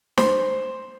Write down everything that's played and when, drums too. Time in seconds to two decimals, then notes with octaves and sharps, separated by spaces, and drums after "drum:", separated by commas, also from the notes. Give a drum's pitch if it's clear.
0.18 C5, drum: snare